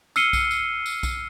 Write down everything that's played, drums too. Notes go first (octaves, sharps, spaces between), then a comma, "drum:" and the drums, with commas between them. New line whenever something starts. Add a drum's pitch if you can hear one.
E6 F6 C7 C#7 D#7 G7, drum: tambourine
drum: kick B1, tambourine
drum: tambourine
drum: tambourine
drum: kick B1, tambourine